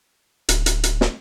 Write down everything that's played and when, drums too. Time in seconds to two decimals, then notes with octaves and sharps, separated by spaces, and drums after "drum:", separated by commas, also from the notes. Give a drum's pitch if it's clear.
0.49 D1, drum: hi-hat
0.66 drum: hi-hat
0.83 drum: hi-hat
1.01 drum: snare